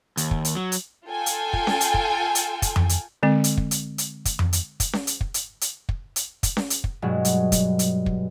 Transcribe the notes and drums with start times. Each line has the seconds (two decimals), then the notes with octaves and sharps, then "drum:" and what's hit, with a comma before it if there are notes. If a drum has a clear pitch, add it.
0.17 D#2, drum: hi-hat
0.31 drum: kick
0.45 drum: hi-hat
0.55 F#3
0.72 drum: hi-hat
1.07 F4 A4 G5 G#5
1.26 drum: hi-hat
1.53 drum: kick
1.67 drum: snare C#4
1.81 drum: hi-hat
1.94 drum: kick
2.35 drum: hi-hat
2.62 drum: kick, hi-hat
2.76 drum: tom F2
2.89 drum: hi-hat
3.23 D3 G#3 C4
3.44 drum: hi-hat
3.57 drum: kick
3.71 drum: hi-hat
3.98 drum: hi-hat
4.25 drum: kick, hi-hat
4.39 drum: tom F2
4.53 drum: hi-hat
4.80 drum: kick, hi-hat
4.93 drum: snare C#4
5.07 drum: hi-hat
5.21 drum: kick
5.34 drum: hi-hat
5.61 drum: hi-hat
5.89 drum: kick
6.16 drum: hi-hat
6.43 drum: kick, hi-hat
6.57 drum: snare C#4
6.70 drum: hi-hat
6.84 drum: kick
7.02 G2 B2 F#3 G#3
7.25 drum: hi-hat
7.52 drum: kick, hi-hat
7.79 drum: hi-hat
8.06 drum: kick